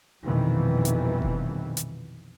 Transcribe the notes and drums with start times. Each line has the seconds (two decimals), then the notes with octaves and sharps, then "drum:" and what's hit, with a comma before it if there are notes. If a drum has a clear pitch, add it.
0.24 A#1 F2 B2 D#3 E3 G3
0.85 drum: hi-hat
1.22 drum: kick F1
1.77 drum: hi-hat